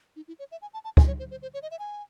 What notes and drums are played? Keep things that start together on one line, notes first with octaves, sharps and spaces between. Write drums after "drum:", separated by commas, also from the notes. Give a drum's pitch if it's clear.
D#4
E4
C#5
E5
G#5
A5
A5
G#5, drum: kick
C#5
C5
C5
C5
C#5
D#5
E5
G#5